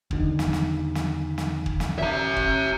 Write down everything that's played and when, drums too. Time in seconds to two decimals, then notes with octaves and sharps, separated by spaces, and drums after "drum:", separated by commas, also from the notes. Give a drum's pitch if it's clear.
0.11 E2 D3 D#3, drum: kick
0.39 drum: snare
0.53 drum: snare
0.95 drum: snare
1.38 drum: snare
1.66 drum: kick
1.80 drum: snare
1.99 E5 A#5
2.36 drum: kick